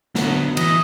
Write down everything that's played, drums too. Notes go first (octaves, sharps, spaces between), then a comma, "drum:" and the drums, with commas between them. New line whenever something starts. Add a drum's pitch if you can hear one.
D3 F#3 B3 F#4, drum: snare
E3 D#5, drum: cymbal